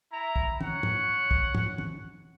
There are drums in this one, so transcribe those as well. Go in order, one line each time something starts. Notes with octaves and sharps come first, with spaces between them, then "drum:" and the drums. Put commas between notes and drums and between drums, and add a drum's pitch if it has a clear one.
E4 A#5
drum: kick
C#5 F#5, drum: tom
drum: tom
drum: kick
drum: tom
drum: tom